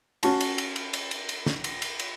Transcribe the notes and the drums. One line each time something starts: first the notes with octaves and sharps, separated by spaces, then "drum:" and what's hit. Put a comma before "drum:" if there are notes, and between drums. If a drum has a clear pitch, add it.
C#4 F#4 A5, drum: cymbal
drum: cymbal
drum: cymbal
drum: cymbal
drum: cymbal
drum: cymbal
drum: cymbal
drum: snare
drum: cymbal
drum: cymbal
drum: cymbal